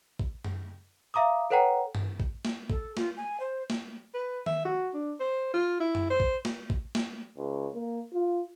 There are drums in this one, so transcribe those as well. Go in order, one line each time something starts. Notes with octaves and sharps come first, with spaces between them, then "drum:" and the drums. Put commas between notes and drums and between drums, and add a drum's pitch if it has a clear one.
drum: kick A1
drum: tom F#2
E5 F5 A#5 D6 D#6
A4 B4 C#5 F#5 G5 A#5
drum: tom G2
drum: kick A1
drum: snare
A4, drum: kick A1
F4, drum: snare
G#5
C5
drum: snare
B4
E5, drum: tom D#3
F#4
D4
C5
F4
E4
drum: tom F#2
C5
drum: kick A1
drum: snare
drum: kick A1
drum: snare
C#2
A#3
F4